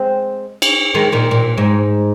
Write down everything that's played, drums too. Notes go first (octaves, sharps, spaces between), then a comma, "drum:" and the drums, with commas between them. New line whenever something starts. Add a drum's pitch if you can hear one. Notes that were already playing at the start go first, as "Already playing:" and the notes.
Already playing: G#3 C4
drum: cymbal
D#3 G#3
A#2 D#3
A#2
G#2